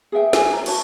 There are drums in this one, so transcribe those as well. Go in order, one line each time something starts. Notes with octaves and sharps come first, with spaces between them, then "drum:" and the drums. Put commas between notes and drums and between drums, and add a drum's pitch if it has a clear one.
G#4 B4 E5 G5
G#5, drum: snare
A#5
F#4 B4 C#5 A5, drum: cymbal